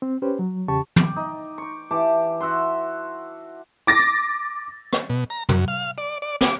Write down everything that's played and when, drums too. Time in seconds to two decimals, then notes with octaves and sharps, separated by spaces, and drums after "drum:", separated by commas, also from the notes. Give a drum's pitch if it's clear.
0.02 C4
0.22 C#4 G4 B4 C5
0.39 F#3
0.68 E2 C#3 G4 A5 C#6
0.96 D5 G5, drum: tom
1.16 D#4
1.58 C#6 D6
1.91 E3 G4 A5 D6
2.41 F#4 E5 F#5 C6
3.87 D6 A6 A#6
3.99 drum: hi-hat
4.93 drum: rim click
5.10 B2
5.30 A#5
5.49 F#2, drum: tom
5.68 F5
5.98 D5
6.22 D5
6.41 D6, drum: snare